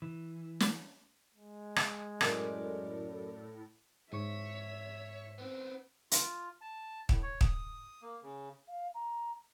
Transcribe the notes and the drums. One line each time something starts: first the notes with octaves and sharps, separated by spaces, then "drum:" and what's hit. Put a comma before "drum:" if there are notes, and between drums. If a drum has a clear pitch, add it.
E3
drum: snare
G#3
drum: rim click
F#2 A2 A#4 D5, drum: rim click
G#2 C#5 E5 C#6
B3 C4
F4, drum: hi-hat
A5
A2, drum: kick
C#5
D#6, drum: kick
A#3
C#3
F5
A#5